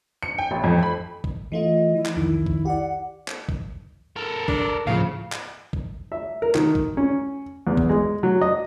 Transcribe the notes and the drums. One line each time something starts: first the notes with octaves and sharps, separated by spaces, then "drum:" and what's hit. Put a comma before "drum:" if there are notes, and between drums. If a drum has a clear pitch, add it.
C#7
G5
A1
F2
B5
drum: kick
E3 A3 F4 D#5
E3 E4
drum: clap
C2 F2 D#3 E4
drum: kick
G4 D5 F#5
drum: clap
drum: kick
A4 A#4
D4, drum: kick
D2 A2 C#3 F3 F5
drum: clap
drum: kick
E5
A#4
D#3, drum: clap
drum: kick
C#4
E2
drum: kick
G#3
F#3
D#5